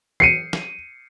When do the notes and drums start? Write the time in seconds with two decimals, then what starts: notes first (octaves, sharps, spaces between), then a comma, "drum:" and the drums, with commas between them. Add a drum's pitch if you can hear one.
0.20 C7 C#7 D#7, drum: tom E3
0.53 drum: snare